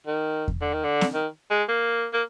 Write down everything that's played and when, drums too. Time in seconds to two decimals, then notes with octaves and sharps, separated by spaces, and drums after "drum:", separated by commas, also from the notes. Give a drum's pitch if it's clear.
0.07 D#3
0.48 drum: kick E2
0.61 D3
0.73 D#3
0.84 D3
1.01 drum: snare C4
1.14 D#3
1.50 G#3
1.68 A#3
2.13 A#3